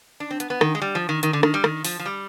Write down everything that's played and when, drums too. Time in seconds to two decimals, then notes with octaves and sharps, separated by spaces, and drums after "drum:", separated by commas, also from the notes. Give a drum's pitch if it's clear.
0.20 D4
0.31 C4
0.40 B3, drum: hi-hat
0.50 B3
0.61 D#3, drum: rim click
0.75 G#3
0.82 G3
0.95 F3
1.09 D#3
1.23 D#3, drum: hi-hat
1.33 D3
1.43 D#3, drum: rim click
1.54 G3
1.64 D#3, drum: rim click
1.85 F3, drum: open hi-hat
1.99 F3
2.06 G3